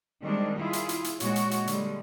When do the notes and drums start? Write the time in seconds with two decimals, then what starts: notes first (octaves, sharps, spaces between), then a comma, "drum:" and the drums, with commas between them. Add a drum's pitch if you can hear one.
0.22 D#3 G3 G#3 C4 D4
0.59 E4 F4 G#4
0.73 drum: hi-hat
0.89 drum: hi-hat
1.04 drum: hi-hat
1.20 A#2 G#3 F#4 C#5, drum: hi-hat
1.36 drum: hi-hat
1.51 drum: hi-hat
1.67 D3 G3 G#3, drum: hi-hat